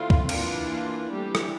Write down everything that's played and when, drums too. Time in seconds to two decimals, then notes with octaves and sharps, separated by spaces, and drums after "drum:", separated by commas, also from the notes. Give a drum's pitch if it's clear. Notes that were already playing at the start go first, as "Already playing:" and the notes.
Already playing: D3 A3 C4 E4 F4
0.10 drum: kick C#2
0.29 E3 A#3 D4 F4, drum: cymbal
0.70 F4
1.10 E3 G3 A3 D4 G4
1.35 drum: rim click